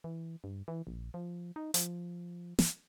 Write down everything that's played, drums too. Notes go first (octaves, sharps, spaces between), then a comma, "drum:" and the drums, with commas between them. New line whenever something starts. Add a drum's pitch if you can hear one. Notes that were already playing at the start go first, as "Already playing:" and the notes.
E3
G2
E3
A#1
F3
D#4
F3, drum: hi-hat
drum: snare